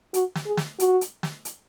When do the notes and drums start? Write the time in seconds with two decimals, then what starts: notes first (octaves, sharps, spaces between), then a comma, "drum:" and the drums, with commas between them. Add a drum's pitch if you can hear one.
0.14 F#4, drum: hi-hat
0.35 drum: snare
0.46 G#4
0.57 drum: snare
0.80 F#4, drum: hi-hat
1.01 drum: hi-hat
1.23 drum: snare
1.45 drum: hi-hat